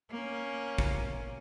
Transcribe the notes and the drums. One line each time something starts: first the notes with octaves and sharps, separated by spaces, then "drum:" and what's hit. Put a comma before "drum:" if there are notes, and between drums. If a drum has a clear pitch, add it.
A#3 C#4
drum: kick